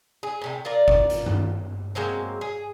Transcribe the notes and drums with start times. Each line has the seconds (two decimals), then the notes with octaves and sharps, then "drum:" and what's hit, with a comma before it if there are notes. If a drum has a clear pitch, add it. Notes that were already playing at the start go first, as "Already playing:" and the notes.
0.23 G#4
0.41 A2 C3 A3
0.65 F4 A#4 D5
0.88 drum: kick G1
1.10 drum: hi-hat
1.26 drum: tom G2
1.95 F#3 G#3 A#3 C4
2.41 G#4